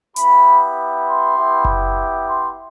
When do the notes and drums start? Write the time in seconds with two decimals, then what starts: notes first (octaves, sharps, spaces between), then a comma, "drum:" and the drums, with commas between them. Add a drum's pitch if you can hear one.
0.16 B3 E4 G4 B5, drum: hi-hat
1.06 C6
1.37 B3 E4 G4
1.65 drum: kick F#1
2.27 C6